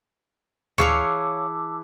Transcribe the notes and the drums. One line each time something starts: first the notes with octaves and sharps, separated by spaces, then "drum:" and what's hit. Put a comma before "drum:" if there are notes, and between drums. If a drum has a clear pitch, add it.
E3 G#4 C#5 F5 A5 C#6 D6 E6, drum: tom D2